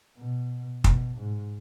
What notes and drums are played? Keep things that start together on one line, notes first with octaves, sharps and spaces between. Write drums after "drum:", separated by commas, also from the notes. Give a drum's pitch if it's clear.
B2
B2, drum: kick
G#2